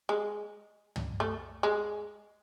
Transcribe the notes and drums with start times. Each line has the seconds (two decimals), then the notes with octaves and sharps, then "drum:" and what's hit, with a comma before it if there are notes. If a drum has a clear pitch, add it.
0.09 G#3
0.96 drum: tom
1.20 A3
1.63 G#3